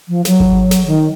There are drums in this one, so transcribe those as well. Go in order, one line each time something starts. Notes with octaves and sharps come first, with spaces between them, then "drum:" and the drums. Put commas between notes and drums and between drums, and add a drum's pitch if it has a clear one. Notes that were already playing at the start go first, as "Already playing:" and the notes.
F3
F#3, drum: snare
drum: kick G#1
drum: snare
D#3